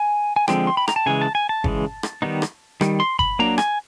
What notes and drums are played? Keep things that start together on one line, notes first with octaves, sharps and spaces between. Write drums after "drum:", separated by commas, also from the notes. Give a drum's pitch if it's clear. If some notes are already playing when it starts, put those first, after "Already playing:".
Already playing: G#5
G#5
D3 F3 G#3 C4 G5, drum: rim click
C6
B5
A#5, drum: rim click
A5
C#3 E3 G#3 G#5
A5
G#5
A5
C#3 E3 G#3, drum: kick G1
drum: rim click
D#3 G3 B3 D#4
drum: rim click
D#3 G3, drum: rim click
C6
B5, drum: kick G1
F#3 A#3 D4 A#5
G#5, drum: rim click